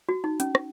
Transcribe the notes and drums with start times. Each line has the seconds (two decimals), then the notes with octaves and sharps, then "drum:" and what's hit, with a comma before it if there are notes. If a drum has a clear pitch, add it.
0.09 F#4
0.24 D#4
0.40 C#4, drum: hi-hat
0.55 drum: rim click